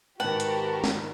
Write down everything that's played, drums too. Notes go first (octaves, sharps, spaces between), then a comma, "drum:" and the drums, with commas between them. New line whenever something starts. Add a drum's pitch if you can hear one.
G#2 D#3 F#4 G4 A#4 B4 F#5 A5
drum: hi-hat
drum: snare